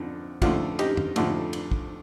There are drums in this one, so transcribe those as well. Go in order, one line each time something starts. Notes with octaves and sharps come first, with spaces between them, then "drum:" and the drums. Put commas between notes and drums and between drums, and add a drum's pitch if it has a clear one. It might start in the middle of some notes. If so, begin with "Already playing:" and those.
Already playing: F2 D3 D#4
F2 D3 A3 F4, drum: kick, cymbal
D#4 G4, drum: cymbal
drum: tom F#2
F2 D3 A3, drum: cymbal
drum: cymbal
drum: kick